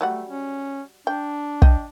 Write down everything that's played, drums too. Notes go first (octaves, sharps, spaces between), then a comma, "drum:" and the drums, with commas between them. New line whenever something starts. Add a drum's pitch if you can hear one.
F#3 G3 A3 F#5
C#4
D4 G5
D#5 G5, drum: kick